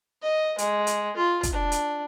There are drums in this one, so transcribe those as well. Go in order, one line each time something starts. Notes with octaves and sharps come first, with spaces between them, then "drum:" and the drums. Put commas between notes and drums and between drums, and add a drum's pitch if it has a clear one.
D#5
G#3, drum: hi-hat
drum: hi-hat
F4
drum: kick, hi-hat
D4
drum: hi-hat